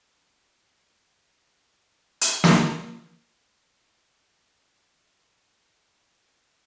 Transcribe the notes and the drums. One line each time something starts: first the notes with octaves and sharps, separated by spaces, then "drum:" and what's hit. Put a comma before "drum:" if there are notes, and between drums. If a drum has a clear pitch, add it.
C#2 C5 D5 G5
C#3 G5 C6
F#2 F4
drum: hi-hat
drum: snare
A#5
C6
G#3 A#3 G#4